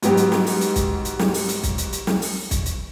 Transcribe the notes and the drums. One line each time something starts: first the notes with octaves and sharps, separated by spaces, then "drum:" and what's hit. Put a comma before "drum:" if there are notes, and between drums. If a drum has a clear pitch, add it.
G#2 F#3 B3 G4, drum: hi-hat
drum: hi-hat
drum: snare
drum: open hi-hat
drum: hi-hat
drum: kick B1, hi-hat
drum: hi-hat
drum: snare
drum: open hi-hat
drum: hi-hat
drum: kick B1, hi-hat
drum: hi-hat
drum: hi-hat
drum: snare
drum: open hi-hat
drum: kick B1, hi-hat
drum: hi-hat